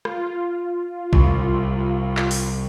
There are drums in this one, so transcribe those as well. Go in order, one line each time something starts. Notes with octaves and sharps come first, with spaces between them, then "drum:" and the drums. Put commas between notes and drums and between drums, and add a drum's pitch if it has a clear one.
F4, drum: rim click
C2, drum: kick B1
drum: clap
drum: open hi-hat